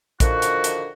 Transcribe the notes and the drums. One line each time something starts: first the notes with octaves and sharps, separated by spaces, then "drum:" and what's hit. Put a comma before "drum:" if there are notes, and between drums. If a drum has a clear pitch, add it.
D3 D#3 F3 F#4, drum: kick A#1, hi-hat
drum: hi-hat
drum: hi-hat